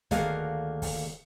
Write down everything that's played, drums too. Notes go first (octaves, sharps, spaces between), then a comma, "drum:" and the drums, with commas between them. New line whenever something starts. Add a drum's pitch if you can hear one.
D2 D#3 A#3 G#4 F5 F#5, drum: kick, hi-hat
drum: kick, open hi-hat